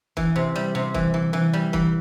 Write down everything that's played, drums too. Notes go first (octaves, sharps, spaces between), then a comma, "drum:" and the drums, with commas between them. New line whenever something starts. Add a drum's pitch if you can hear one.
E3, drum: kick
C3
G3
C3
E3, drum: kick
E3
E3
G3
E3, drum: kick